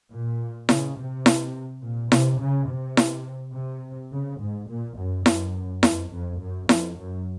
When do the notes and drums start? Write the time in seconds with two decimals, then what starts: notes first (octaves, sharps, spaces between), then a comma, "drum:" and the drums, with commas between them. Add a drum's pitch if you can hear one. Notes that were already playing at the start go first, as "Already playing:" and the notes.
0.12 A#2
0.69 C#3, drum: snare E4
0.97 C3
1.26 drum: snare E4
1.83 A#2
2.12 C3, drum: snare E4
2.41 C#3
2.68 C3
2.97 drum: snare E4
3.55 C3
4.12 C#3
4.40 G#2
4.69 A#2
4.97 F#2
5.26 F#2, drum: snare E4
5.83 F2, drum: snare E4
6.12 F2
6.40 F#2
6.69 F2, drum: snare E4
6.97 F#2